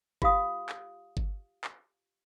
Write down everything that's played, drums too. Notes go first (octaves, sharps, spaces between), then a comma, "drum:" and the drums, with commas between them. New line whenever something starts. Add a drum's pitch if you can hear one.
F4 G4 F5 D#6, drum: kick G1
drum: clap
drum: kick G1
drum: clap